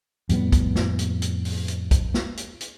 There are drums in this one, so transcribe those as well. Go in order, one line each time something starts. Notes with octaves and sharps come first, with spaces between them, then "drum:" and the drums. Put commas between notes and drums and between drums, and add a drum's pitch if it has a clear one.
F2 A2 G3 B3, drum: hi-hat
drum: kick, hi-hat
drum: snare
drum: hi-hat
drum: hi-hat
drum: open hi-hat
drum: hi-hat
drum: kick, hi-hat
drum: snare
drum: hi-hat
drum: hi-hat